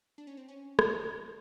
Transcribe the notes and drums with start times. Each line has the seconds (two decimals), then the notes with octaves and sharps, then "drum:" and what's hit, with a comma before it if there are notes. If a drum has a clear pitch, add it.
0.18 D4
0.27 C#4
0.37 C4
0.48 C#4
0.79 drum: rim click